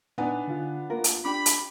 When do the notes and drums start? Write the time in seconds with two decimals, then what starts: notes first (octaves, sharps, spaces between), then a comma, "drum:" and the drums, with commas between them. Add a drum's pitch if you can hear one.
0.18 A#2 B3 D4 D#4 G#5
0.48 D3 F4
0.90 A#3 F4 A#4
1.04 drum: hi-hat
1.25 D4 F4 G4 B5 D6
1.46 drum: hi-hat